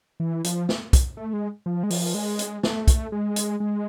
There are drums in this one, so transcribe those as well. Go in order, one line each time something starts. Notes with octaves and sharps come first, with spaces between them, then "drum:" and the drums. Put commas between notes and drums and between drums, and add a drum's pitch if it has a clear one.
E3
F3, drum: hi-hat
drum: snare
drum: kick, hi-hat
A3
G#3
F3
G#3
F3, drum: open hi-hat
G#3
drum: hi-hat
A3, drum: snare
drum: kick, hi-hat
G#3
drum: hi-hat
G#3